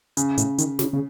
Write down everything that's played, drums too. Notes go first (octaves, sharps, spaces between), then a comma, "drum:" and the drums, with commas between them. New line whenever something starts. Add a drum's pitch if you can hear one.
C#3, drum: hi-hat
A2, drum: hi-hat
D#3, drum: hi-hat
C#3, drum: snare
C#3